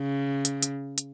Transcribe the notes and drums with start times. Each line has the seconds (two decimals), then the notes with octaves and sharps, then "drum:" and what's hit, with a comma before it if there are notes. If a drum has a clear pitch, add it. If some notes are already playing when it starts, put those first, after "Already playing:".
Already playing: C#3
0.45 drum: hi-hat
0.63 drum: hi-hat
0.98 drum: hi-hat